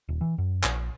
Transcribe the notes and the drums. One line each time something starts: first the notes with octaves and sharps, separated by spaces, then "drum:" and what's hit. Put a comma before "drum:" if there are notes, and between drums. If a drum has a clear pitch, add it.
D#1
E3
F#2
A#1, drum: clap